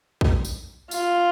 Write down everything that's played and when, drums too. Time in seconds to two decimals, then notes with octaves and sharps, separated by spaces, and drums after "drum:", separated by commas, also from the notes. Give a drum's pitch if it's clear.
0.21 drum: kick A#1
0.45 drum: tambourine
0.91 F4, drum: tambourine